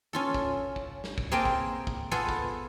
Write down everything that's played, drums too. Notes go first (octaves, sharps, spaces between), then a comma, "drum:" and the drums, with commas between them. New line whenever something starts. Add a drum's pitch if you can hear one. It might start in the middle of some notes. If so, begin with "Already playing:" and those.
C#4 F4 A4
drum: kick
drum: kick
drum: snare
drum: kick
A#3 C4 G#4 A#4 G5 A5
drum: kick
drum: kick
B3 F4 G#4 A4
drum: kick